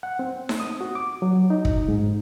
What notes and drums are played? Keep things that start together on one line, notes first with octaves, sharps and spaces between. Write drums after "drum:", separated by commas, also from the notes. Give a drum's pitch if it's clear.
F#5
C4
drum: snare D#4
D#6
F#4
D6
F#3
D#4
drum: kick
G#2